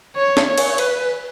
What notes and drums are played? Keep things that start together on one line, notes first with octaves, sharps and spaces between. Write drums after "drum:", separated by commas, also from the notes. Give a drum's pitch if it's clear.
C#5
drum: snare
C#5
drum: cymbal
B4, drum: cymbal